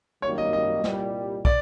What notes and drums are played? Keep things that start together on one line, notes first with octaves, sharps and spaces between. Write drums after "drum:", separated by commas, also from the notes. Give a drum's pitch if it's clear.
G#1 F#2 D#3 G3 A#3 C#5
D#5
D#5
C2 A#2 G3, drum: snare
D5, drum: kick